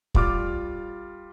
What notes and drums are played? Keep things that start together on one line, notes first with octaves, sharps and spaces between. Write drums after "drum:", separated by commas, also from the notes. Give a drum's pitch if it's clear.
G3 F4 D6 F6 A6, drum: kick